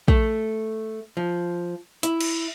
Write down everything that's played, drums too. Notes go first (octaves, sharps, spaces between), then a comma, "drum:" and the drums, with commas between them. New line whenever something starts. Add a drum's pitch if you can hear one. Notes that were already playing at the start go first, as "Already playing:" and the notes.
A3, drum: kick
F3
E4, drum: hi-hat
drum: cymbal